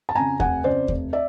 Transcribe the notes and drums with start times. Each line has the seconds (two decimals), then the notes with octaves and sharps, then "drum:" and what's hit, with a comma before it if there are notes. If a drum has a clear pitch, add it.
0.09 A5
0.15 F2 C#3 G#5 A#5
0.40 F1 F#5 G#5, drum: kick D#2
0.64 F2 C#3 C5 D5
0.88 F1, drum: kick D#2
1.13 D5 E5